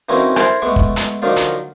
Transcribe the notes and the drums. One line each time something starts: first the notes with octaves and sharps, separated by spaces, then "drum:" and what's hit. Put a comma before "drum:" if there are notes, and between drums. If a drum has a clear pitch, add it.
E3 A#3 C4 C#4 D#4 F#4
E4 A4 A#4 C5 E5, drum: rim click
G#3 A3 B3 C#6 D6
drum: kick
drum: hi-hat
D3 F3 F#3 A#3 D#4 A#4
drum: hi-hat